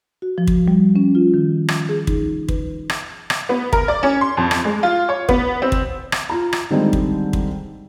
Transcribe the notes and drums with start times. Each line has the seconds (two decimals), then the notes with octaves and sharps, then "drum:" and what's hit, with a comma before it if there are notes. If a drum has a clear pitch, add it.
0.22 F#4
0.38 F3
0.47 drum: kick
0.68 G3
0.96 C#4
1.15 F4
1.34 D#3
1.68 drum: rim click
1.89 G#4
2.07 D#4, drum: kick
2.48 B4, drum: kick
2.89 drum: rim click
3.30 drum: rim click
3.49 B3
3.73 A#4, drum: kick
3.88 D5
4.03 C#4
4.21 C6
4.37 F2
4.51 drum: rim click
4.65 G#3
4.83 F4
5.09 C#5
5.29 B3, drum: kick
5.62 C4
5.72 drum: kick
6.12 drum: rim click
6.30 F4 A#5
6.53 drum: rim click
6.70 D3 D#3 G3 G#3 C4 D#4
6.93 drum: kick
7.33 drum: kick